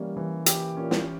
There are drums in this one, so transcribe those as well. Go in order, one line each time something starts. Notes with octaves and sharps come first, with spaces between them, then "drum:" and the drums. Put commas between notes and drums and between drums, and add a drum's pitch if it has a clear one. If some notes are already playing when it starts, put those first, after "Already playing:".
Already playing: E3 G3 A#3 C#4
E3
G4, drum: hi-hat
A#2 C#4
drum: snare